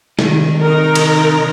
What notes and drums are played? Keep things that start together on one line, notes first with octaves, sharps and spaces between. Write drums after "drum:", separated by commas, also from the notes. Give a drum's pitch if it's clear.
C3 D#3, drum: snare
D#4 A#4
drum: cymbal